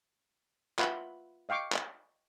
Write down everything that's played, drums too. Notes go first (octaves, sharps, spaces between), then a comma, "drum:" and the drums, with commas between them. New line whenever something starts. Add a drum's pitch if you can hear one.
F4 B4 E5 F#5 B5 C6, drum: clap
D#5 F5 G5 C#6 D6
drum: clap